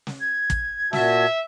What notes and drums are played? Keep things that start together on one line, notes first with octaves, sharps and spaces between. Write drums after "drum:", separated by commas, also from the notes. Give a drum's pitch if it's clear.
drum: snare
G#6
drum: kick, hi-hat
A#2 F#4 E5 A5, drum: snare